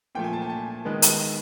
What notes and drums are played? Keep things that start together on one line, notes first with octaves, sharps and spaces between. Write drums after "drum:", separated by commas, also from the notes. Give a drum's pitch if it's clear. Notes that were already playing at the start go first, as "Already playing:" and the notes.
A#2 F3 A3 G5
G#5
A5
G#5
A5
D#3 G#3 B3
drum: hi-hat